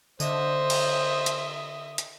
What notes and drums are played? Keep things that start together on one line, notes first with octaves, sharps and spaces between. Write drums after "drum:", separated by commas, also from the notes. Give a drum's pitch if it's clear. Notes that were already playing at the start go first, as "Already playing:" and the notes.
D3 C5 D#5 E5, drum: tambourine
drum: cymbal
drum: hi-hat
drum: hi-hat